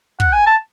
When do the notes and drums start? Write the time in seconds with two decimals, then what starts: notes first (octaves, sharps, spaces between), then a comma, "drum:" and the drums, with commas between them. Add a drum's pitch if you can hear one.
0.20 F#5, drum: kick
0.33 G#5
0.46 A5